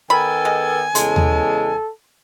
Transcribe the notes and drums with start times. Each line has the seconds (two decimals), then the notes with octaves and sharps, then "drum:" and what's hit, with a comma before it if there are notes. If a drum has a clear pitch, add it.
0.10 D#3 B3 A4 G#5 B5
0.45 G#3
0.95 E2 C#3 G#3 A4 C6, drum: hi-hat
1.16 drum: tom D#2